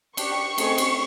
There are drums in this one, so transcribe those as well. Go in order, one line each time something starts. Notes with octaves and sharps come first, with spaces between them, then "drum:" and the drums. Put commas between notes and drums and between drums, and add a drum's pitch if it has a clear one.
D4 G4 C#6, drum: cymbal
A3 C4 D#4 G#4, drum: cymbal
drum: cymbal